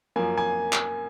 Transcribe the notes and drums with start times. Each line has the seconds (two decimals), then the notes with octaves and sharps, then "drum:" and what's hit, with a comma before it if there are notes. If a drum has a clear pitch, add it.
0.16 F#2 F3 A#3 G#5
0.38 G#5
0.73 drum: clap